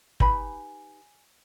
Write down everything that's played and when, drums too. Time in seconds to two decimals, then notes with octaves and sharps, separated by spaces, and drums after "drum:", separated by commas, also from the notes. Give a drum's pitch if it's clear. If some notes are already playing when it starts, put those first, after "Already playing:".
0.20 D#4 G4 B4 G#5 B5, drum: kick